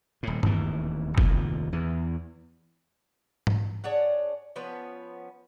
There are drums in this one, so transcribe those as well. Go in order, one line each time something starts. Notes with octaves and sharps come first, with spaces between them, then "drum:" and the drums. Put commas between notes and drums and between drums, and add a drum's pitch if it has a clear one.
D#1 A2
D1 D#2 D3 E3, drum: tom G2
F1 D#2 A#2 F3, drum: kick
E2 E3
drum: tom G#2
D4 G#4 C#5 F#5
F3 B3 C#4 B4